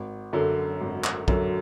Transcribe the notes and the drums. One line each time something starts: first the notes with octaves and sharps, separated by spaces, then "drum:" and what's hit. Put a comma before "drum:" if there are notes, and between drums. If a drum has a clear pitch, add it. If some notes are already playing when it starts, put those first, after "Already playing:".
Already playing: G#1
F#2 D3 F#3
G#1
drum: clap
F#2 D3 F#3, drum: kick